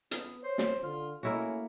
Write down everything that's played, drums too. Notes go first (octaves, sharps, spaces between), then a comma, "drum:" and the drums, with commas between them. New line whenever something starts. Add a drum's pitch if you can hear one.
B3, drum: hi-hat
C5 C#5
drum: snare
D3 F4
A3 A#3 C#4 E4 F#4